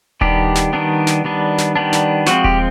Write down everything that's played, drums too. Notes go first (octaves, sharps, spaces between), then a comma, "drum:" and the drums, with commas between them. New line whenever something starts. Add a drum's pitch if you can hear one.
D#3 G3 B3 D4 G4, drum: kick D#1
drum: snare
D#3 G3 B3 D4
drum: snare
D#3 G3 B3 D4
drum: snare
D#3 G3 B3 D4
drum: snare
F3 G#3 C4 F#4, drum: snare
G4, drum: kick D#1